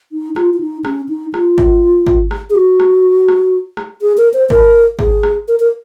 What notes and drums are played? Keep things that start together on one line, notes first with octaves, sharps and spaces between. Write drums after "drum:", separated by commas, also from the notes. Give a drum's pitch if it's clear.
D#4
F4, drum: rim click
F4
D#4
C#4, drum: rim click
D#4
F4, drum: rim click
drum: kick
drum: kick
drum: rim click
G#4
F#4
drum: rim click
drum: rim click
drum: rim click
G#4
A#4
C5
A#4, drum: kick
G#4, drum: kick
drum: rim click
A#4
A#4